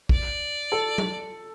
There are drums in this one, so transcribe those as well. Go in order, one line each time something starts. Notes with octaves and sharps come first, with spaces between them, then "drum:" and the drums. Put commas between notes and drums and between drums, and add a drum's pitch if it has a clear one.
D5, drum: kick
A4
drum: tom F#3